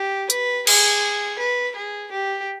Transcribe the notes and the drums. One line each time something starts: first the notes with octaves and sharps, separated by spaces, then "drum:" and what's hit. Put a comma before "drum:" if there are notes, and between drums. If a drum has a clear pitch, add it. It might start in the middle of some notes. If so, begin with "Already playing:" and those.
Already playing: G4
B4, drum: hi-hat
G#4, drum: cymbal
B4
G#4
G4